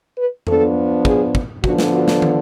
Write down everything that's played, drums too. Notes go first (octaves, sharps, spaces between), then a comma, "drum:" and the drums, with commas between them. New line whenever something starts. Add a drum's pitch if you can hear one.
B4
F3 B3 D4 A4, drum: tom F2
G#4, drum: kick
drum: kick
D3 F3 B3 D4 F#4, drum: kick
drum: snare
F#4
drum: snare
drum: tom